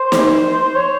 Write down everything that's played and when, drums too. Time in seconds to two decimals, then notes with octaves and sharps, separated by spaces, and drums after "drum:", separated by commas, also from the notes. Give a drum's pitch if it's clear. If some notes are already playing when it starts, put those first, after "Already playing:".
Already playing: C5
0.12 drum: snare
0.75 C#5